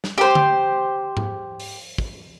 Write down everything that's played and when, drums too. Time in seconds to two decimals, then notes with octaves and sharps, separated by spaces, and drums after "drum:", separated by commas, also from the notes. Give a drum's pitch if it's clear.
0.04 drum: snare
0.18 G4 C5
0.35 drum: tom D3
1.17 drum: tom G#2
1.60 drum: open hi-hat
1.98 drum: kick